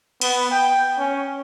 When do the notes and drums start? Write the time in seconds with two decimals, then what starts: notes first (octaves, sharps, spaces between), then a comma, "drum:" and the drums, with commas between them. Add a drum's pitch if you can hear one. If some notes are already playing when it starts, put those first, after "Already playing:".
0.21 B3, drum: cymbal
0.51 G5
0.99 C#4